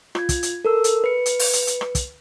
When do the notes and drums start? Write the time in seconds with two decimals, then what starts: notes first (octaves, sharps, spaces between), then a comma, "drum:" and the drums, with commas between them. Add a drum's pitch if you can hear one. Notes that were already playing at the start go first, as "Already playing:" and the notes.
0.15 F4 G#6, drum: rim click
0.29 drum: kick, hi-hat
0.43 drum: hi-hat
0.65 A4 A#4 E6
0.84 drum: hi-hat
1.04 B4 C#7
1.26 drum: hi-hat
1.39 drum: open hi-hat
1.53 drum: hi-hat
1.67 drum: hi-hat
1.81 drum: rim click
1.95 drum: kick, hi-hat